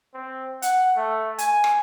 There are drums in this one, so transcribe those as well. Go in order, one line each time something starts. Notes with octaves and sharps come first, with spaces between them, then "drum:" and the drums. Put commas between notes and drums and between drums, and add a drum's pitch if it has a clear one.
C4
F#5, drum: hi-hat
A3
G#5, drum: hi-hat
drum: rim click